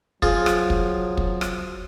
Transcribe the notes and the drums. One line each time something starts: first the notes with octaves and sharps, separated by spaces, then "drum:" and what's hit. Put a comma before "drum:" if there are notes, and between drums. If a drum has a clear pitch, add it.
F3 F#3 F4 G#4, drum: kick
drum: rim click
drum: kick
drum: kick
drum: rim click